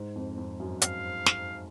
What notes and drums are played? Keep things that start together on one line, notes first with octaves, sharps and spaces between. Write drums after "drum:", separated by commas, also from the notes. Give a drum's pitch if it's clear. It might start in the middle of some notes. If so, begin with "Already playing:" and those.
Already playing: G#2
F2
F2
F#2
F5, drum: hi-hat
drum: snare